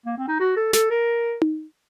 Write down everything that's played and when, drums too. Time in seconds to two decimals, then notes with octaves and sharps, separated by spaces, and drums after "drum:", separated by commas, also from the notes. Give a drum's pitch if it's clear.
0.06 A#3
0.18 C4
0.28 D#4
0.39 F#4
0.56 A4
0.73 A4, drum: snare
0.90 A#4
1.42 drum: tom D#4